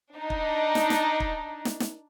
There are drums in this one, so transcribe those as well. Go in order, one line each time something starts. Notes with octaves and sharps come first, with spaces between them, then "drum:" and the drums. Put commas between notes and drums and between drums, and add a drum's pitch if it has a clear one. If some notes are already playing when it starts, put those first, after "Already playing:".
D4 D#4
drum: kick
drum: snare
drum: snare
drum: kick
drum: snare
drum: snare